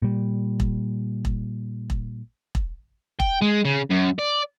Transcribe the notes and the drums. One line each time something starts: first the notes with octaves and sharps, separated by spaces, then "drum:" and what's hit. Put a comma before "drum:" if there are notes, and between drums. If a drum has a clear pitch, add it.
A#2 G3
drum: kick E1
drum: kick E1
drum: kick E1
drum: kick E1
G5, drum: kick E1
G#3
C#3
F#2
D5